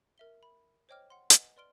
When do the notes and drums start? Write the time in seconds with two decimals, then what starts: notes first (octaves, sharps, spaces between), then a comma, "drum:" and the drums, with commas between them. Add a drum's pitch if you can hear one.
0.18 A#4 E5 G7
0.43 B5
0.89 C5 C#5 D#5 G5 D6 F6
1.10 F#5 C6
1.30 B4 D#5 F#5 G#5, drum: hi-hat
1.56 B4 D5 C6 F6 D7 G7